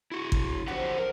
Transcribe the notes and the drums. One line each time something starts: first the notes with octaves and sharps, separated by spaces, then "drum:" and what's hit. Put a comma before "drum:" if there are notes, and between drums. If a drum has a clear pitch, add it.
E4 F#4
C#4 A4, drum: kick
D3 F3 F#3 C4 G4 F#5
A#4